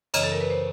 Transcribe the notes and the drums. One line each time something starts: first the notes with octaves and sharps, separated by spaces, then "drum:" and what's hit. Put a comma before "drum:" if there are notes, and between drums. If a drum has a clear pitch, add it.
F#2 C#3 E3 C#5 D#5, drum: cymbal
A4
A#4
B4
C5